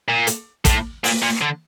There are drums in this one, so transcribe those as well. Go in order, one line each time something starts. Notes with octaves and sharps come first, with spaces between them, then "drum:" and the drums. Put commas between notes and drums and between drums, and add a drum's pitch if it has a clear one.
A#2
drum: hi-hat
A2, drum: kick, hi-hat
A#2, drum: open hi-hat
A#2
D3